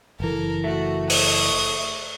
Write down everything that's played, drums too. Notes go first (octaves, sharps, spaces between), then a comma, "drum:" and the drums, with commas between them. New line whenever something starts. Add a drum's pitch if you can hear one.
F#1 E3 A4 A#4
A3 F#4
C#6 D#6, drum: open hi-hat